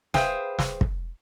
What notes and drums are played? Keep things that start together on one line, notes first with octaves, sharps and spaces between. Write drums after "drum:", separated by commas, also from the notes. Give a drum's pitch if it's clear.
G#4 B4 C5 E5 F5 G5, drum: snare
drum: snare
drum: kick